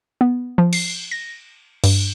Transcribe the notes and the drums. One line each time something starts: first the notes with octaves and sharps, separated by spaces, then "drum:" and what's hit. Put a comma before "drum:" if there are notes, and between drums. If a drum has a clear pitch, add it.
B3
F3
C7, drum: cymbal
A#6
G2, drum: cymbal